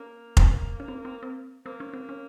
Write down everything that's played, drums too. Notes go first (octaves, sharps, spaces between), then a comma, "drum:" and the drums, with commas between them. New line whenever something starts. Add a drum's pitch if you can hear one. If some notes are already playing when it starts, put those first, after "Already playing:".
Already playing: A#3 C#4
C4, drum: kick
C#4
C4
C4
C4
A#3 C4
C#4
C4
C#4